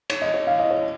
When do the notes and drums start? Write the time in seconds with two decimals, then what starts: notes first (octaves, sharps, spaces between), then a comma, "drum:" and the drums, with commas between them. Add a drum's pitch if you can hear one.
0.10 C#5, drum: cymbal
0.22 D#5
0.34 C#5
0.47 F5
0.60 D#5
0.71 C#5